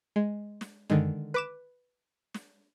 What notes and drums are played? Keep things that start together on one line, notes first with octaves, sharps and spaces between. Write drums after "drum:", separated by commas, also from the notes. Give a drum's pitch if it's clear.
G#3
drum: snare
D3 D#3 G#3, drum: tom F#2
B4 D6 E7
drum: snare